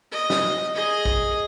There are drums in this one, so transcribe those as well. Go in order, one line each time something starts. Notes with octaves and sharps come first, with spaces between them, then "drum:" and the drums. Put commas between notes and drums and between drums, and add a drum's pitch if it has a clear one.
D#5
drum: snare
G#4 D#5
drum: kick A#1